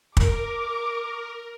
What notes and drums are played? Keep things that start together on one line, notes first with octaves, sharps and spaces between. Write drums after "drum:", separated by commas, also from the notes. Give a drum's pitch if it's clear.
A#4 D6, drum: kick